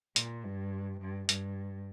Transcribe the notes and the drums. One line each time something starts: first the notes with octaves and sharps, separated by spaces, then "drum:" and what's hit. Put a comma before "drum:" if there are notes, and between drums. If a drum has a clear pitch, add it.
A#2, drum: hi-hat
G2
G2
G2, drum: hi-hat